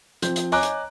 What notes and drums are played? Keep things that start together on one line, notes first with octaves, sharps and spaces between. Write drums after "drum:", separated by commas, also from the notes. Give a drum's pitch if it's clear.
F3 C4 G6, drum: hi-hat
drum: hi-hat
C#5 D#5 G#5 A#5 D6 F#6, drum: open hi-hat
drum: hi-hat